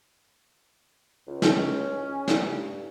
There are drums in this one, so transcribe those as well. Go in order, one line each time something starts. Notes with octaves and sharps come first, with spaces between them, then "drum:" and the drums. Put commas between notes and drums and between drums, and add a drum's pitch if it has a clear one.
C#2
C#4, drum: snare
G2, drum: snare